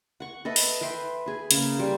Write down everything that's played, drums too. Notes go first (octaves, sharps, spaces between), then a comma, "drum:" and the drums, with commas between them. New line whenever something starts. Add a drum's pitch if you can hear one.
F#5 C#6
A4 B4 D#5 E5
drum: open hi-hat
B4 E5 G5 C6
G#4 B4
C#3 A#3, drum: hi-hat
G3 C5